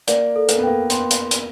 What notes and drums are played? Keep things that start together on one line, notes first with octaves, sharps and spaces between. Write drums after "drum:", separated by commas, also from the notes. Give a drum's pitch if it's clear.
A#3 D5, drum: hi-hat
A4
A#3, drum: hi-hat
B3
A#3 G5
B3 C6, drum: hi-hat
drum: hi-hat
drum: hi-hat